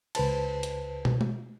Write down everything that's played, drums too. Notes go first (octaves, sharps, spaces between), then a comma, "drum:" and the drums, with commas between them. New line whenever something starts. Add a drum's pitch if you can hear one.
C#2 B4 C5 A5, drum: cymbal
drum: hi-hat
drum: tom
drum: tom G#3